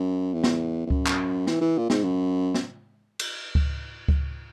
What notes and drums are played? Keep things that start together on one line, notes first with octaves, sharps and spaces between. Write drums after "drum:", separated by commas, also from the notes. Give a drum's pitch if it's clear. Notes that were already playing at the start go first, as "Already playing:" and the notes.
Already playing: F#2
E2
drum: snare
E2
F#2, drum: kick C#2
drum: clap
E3, drum: snare
E3
A#2
G#2, drum: snare
F#2
drum: snare
drum: cymbal
drum: kick C#2
drum: kick C#2